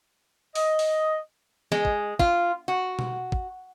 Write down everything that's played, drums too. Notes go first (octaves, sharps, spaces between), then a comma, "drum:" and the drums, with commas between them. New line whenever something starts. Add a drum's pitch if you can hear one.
D#5, drum: open hi-hat
drum: open hi-hat
G#3, drum: snare
drum: kick
F4, drum: kick
F#4
drum: tom B2
drum: kick